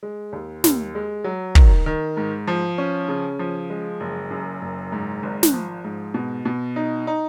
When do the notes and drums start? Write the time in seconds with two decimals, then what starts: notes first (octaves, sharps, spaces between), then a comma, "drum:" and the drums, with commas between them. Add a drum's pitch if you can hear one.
0.03 G#3
0.33 D#2
0.64 D#2, drum: snare
0.95 G#3
1.24 F#3
1.55 D#3, drum: kick
1.86 D#3
2.17 G#2
2.47 F3
2.78 C#4
3.08 C#3
3.39 F3
3.70 G#3
4.00 F#1
4.31 F#2
4.61 F#1
4.92 G#2
5.23 G#1
5.43 drum: snare
5.54 F3
5.84 G#2
6.14 B2
6.45 B2
6.76 D#4
7.07 D#4